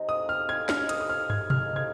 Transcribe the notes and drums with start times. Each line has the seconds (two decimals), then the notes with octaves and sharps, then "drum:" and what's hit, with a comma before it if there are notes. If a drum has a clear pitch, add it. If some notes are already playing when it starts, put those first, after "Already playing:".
Already playing: C3 G#3 D#4
0.09 D#6
0.29 F6
0.49 G#6
0.69 C3 G#3 D#4 F6, drum: snare
0.89 D#6, drum: hi-hat
1.01 D#6
1.09 F6
1.30 G#6, drum: tom
1.50 C3 G#3 D#4 F6, drum: tom B2
1.76 G#6